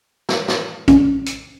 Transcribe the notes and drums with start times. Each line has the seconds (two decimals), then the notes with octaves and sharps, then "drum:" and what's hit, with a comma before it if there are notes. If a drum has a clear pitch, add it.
0.29 drum: snare
0.48 drum: snare
0.88 C#4, drum: kick A1, hi-hat
1.26 drum: hi-hat